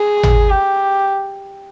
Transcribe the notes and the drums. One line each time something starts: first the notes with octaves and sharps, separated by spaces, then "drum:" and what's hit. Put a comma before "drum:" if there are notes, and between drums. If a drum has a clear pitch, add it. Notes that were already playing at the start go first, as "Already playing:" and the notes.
Already playing: G#4
drum: tom G#1
G4